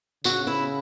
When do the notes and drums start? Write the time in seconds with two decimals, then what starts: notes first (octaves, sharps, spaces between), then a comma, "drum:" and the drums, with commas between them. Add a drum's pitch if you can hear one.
0.24 C#3 F#4, drum: tambourine
0.47 E4